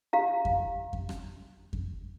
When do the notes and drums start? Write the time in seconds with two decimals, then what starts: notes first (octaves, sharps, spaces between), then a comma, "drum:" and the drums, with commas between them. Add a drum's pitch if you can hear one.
0.13 G4 F5 A#5
0.45 drum: kick F2
0.93 drum: kick F2
1.09 drum: rim click
1.73 drum: kick F2